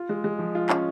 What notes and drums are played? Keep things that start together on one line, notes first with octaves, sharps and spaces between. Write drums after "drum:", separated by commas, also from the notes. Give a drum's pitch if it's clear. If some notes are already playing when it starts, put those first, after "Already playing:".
Already playing: F4
G#3
G#3
F3
F4
C#4, drum: clap